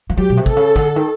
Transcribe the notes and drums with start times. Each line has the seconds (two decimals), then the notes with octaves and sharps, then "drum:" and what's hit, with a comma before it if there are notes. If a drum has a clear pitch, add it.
0.10 F3
0.17 F#3 G4
0.30 B2
0.37 C3
0.46 A4, drum: kick
0.57 C#3
0.76 D3, drum: kick
0.96 D#3